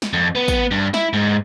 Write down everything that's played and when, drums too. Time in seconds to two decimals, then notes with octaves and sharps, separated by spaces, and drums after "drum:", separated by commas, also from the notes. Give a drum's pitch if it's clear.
0.02 drum: snare
0.13 F2
0.35 B3
0.48 drum: kick, tambourine
0.71 G2
0.94 E4, drum: snare
1.13 G#2